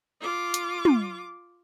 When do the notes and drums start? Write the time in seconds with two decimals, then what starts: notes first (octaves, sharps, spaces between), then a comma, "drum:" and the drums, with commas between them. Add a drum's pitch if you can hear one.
0.21 F4 D6
0.54 drum: hi-hat
0.85 drum: tom